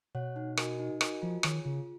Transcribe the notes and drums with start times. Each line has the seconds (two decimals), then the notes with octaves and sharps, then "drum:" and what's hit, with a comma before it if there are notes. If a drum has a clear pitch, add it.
0.14 B2 C#5 F#5
0.36 D#4
0.57 F#4 A#4 D#5 G#5, drum: rim click
0.79 D#4
1.01 F#4 A#4 D#5 G#5, drum: rim click
1.22 F3 F4
1.43 D#3 G#4 C#5 G#5, drum: rim click
1.65 C#3 F4